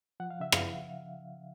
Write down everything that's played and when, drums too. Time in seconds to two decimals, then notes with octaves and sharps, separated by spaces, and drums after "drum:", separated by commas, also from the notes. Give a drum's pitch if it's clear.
0.20 F3 F#5
0.30 F5
0.40 C#3 E5
0.52 F5, drum: rim click